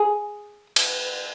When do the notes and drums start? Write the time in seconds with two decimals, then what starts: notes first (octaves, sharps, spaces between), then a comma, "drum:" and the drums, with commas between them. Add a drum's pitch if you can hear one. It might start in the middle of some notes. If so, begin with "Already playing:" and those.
Already playing: G#4
0.76 drum: cymbal